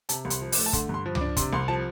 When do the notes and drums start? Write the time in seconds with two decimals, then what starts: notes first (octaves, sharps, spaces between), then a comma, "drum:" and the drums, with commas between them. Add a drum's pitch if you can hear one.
0.09 C3 A5, drum: hi-hat
0.25 C2
0.30 C6, drum: hi-hat
0.42 F3
0.52 D6, drum: open hi-hat
0.58 A3
0.66 A5
0.73 D3 C6, drum: kick, hi-hat
0.89 G2 C6
1.06 F3
1.15 D6, drum: tom C#2
1.21 D4
1.37 C3 C6, drum: kick, hi-hat
1.53 C2 C6
1.68 F3 A5